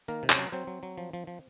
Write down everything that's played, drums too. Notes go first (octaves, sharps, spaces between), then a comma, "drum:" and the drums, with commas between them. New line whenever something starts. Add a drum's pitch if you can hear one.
D#3 A#3 A#4
C3
C#4 C#5, drum: clap
F#3
F#3 C4 C5
F#3
F#3
F3
F3
F3